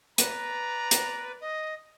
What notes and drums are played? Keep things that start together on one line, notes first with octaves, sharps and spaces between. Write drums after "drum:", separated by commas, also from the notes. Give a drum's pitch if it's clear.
B4 D5 A#5, drum: hi-hat
drum: hi-hat
D#5